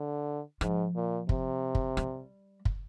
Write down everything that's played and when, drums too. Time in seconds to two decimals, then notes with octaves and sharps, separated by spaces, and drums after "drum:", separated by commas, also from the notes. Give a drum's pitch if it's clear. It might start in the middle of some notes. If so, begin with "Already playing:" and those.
Already playing: D3
0.61 G#2 F3, drum: rim click
0.96 A#2
1.29 C3, drum: kick F#1
1.75 drum: kick F#1
1.97 G3, drum: rim click
2.65 drum: kick F#1